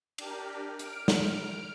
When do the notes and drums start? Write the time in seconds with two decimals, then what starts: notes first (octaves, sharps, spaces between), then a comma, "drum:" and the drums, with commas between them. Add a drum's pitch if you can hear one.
0.18 D4 G4 A#4, drum: cymbal
0.79 F6 D7, drum: hi-hat
1.08 drum: snare